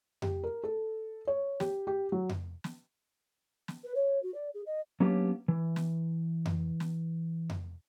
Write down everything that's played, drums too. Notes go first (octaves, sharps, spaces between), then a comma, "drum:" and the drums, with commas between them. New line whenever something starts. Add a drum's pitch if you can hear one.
G4, drum: tom F2
A#4
A4
C#5
G4, drum: snare
G4
F#3
drum: tom F2
drum: snare
drum: snare
B4
C#5
F#4
D5
G#4
D#5
F#3 A#3 B3 C#4 D4 G4
E3
drum: snare
drum: tom F2
drum: snare
drum: tom F2